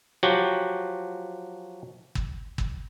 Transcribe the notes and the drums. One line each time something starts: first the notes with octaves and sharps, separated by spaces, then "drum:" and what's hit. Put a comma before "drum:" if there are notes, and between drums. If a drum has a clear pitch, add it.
F3 F#3 F#4 G4
drum: kick
drum: kick